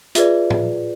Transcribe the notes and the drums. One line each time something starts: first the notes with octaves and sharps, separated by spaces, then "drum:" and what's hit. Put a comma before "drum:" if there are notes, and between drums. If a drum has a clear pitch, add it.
F4 G#4 B4 D5 E5, drum: hi-hat
drum: tom